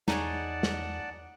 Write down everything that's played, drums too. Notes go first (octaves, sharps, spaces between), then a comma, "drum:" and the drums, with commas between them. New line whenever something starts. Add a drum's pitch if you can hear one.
E2 D#4 G#4 C#5 D5 F#5 A5, drum: snare
drum: snare